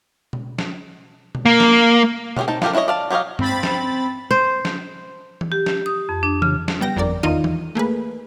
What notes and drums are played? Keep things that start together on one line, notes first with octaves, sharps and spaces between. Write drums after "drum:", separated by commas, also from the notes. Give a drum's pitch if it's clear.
drum: tom B2
drum: snare
drum: tom B2
A#3
drum: snare
B3 C#4 D4 G4 G#4, drum: tom B2
C4 D#4 A5
B3 F4 G4 A4 A#4, drum: snare
D4 E4 F#4 C#5 D#5
D5 F5 A5
F#3 G4 C#5 D#5 F5
C4 B5 A6, drum: tom G2
drum: snare
C5
drum: snare
drum: tom E3
G4
drum: snare
D#6
F2
D4
C#3, drum: tom E3
drum: snare
G3 B3 G5 A#6
G1 F2 A#4 D5
E2 D#3 D#4 F4 F5 D#7
drum: tom E3
A3 A#3 G#4 B4